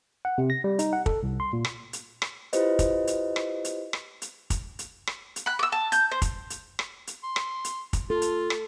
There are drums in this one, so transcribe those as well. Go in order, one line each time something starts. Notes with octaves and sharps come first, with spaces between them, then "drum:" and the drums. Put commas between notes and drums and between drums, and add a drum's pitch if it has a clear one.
F#5
C3
A#6
G3
D#4, drum: hi-hat
F#5
A4, drum: kick
C2
C6
A#2
drum: rim click
drum: hi-hat
drum: rim click
E4 F4 G4 B4 C5 D#5, drum: hi-hat
drum: kick, hi-hat
drum: hi-hat
drum: rim click
drum: hi-hat
drum: rim click
drum: hi-hat
drum: kick, hi-hat
drum: hi-hat
drum: rim click
drum: hi-hat
B5 F#6
D6 E6
A5
G6, drum: hi-hat
C5
drum: kick, hi-hat
drum: hi-hat
drum: rim click
drum: hi-hat
C6
drum: rim click
drum: hi-hat
drum: kick, hi-hat
F4 A4
drum: hi-hat
drum: rim click